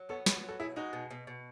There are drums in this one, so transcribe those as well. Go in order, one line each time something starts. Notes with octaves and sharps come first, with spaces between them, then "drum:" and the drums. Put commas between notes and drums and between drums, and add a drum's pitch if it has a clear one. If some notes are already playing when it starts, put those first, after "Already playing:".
Already playing: F#3
B3 A4 C#5
B3 G#4 B4, drum: snare
F#3
F#4 A4
B2 E4 G#4
G#3 D#4 F#4
B2
B2
B2